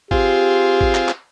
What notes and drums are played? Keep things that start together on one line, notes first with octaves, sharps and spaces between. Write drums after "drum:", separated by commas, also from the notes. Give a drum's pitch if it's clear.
C4 F4 G4 G#4, drum: kick
drum: kick
drum: clap
drum: clap